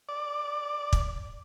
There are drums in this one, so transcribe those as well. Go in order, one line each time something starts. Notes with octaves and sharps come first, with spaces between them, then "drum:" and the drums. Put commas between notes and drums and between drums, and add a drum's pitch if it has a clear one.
D5
drum: kick